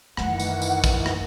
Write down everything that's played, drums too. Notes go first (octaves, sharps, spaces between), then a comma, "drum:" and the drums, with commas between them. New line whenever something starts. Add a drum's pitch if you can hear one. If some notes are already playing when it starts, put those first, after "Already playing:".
F#2 D#3 E3 A3 F#5, drum: rim click
drum: tambourine
drum: tambourine
drum: kick, tambourine
drum: rim click